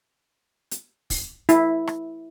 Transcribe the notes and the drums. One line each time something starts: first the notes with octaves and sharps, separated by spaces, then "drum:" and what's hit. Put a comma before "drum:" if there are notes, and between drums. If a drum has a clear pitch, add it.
drum: hi-hat
drum: kick, open hi-hat
E4, drum: hi-hat
drum: rim click